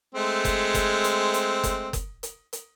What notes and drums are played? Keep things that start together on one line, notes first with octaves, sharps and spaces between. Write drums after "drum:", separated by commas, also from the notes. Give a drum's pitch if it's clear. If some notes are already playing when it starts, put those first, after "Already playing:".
G#3 A3 C4
drum: kick F#1, hi-hat
drum: kick F#1, hi-hat
drum: hi-hat
drum: hi-hat
drum: kick F#1, hi-hat
drum: kick F#1, hi-hat
drum: hi-hat
drum: hi-hat